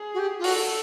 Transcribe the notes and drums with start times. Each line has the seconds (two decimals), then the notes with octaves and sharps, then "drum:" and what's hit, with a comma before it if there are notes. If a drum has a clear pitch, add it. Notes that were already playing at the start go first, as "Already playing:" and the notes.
Already playing: G#4
0.14 F#4
0.19 G4
0.39 F4
0.44 F#4 A4, drum: open hi-hat